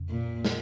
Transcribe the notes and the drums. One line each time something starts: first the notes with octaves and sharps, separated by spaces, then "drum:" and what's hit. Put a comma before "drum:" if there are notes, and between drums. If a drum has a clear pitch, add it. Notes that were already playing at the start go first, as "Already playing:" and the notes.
Already playing: F2 C#3
A#2
drum: snare